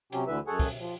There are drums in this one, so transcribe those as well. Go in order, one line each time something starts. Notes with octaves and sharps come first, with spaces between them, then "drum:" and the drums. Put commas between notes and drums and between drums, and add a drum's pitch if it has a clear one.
C3 F#3 C#4 G4, drum: hi-hat
D2 D3 E3 B4 E5
F#2 G#4 A4 C#5 F#5 G#5
drum: kick, open hi-hat
F3